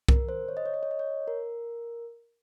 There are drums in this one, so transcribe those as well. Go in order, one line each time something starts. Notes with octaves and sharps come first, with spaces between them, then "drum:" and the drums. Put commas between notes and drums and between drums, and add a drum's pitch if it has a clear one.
A#4, drum: kick C2
C5
C#5
D#5
C#5
D#5
C#5
D#5
C#5
A#4